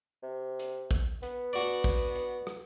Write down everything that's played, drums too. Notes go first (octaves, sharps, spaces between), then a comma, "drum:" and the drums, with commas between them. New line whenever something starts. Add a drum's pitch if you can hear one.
C3
drum: hi-hat
drum: kick, hi-hat
B3, drum: hi-hat
D4 F#4 D5, drum: hi-hat
drum: kick, open hi-hat
drum: hi-hat
drum: rim click